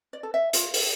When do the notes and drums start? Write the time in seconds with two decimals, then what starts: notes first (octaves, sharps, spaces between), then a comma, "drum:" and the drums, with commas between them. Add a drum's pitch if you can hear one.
0.13 D5
0.23 A4
0.34 E5
0.53 F4 F5, drum: hi-hat
0.74 drum: open hi-hat